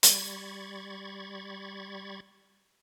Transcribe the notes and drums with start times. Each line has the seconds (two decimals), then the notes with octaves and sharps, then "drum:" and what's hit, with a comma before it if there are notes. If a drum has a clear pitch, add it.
0.03 G3 B5 C#6 G#6 A6, drum: hi-hat